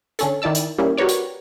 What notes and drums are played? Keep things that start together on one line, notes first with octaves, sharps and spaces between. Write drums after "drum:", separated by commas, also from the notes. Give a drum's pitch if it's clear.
D3 C#4 A4, drum: hi-hat
D#3 E4 D5 A5 E6
drum: hi-hat
G3 A#3 C#4 E4
F#4 G4 A#4 B4 C#5 D5
drum: hi-hat